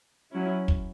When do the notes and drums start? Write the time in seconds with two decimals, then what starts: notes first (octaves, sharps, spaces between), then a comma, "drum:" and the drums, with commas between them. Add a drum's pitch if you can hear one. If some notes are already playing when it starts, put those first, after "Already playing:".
0.31 F#3 C#4 E4
0.68 drum: kick